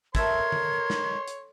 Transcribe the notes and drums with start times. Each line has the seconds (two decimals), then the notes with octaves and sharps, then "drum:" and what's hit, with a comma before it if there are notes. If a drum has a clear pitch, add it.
0.15 A4 A#4 C#5 E5 C6 G#6, drum: kick, hi-hat
0.52 drum: tom D3
0.90 drum: snare
1.28 drum: hi-hat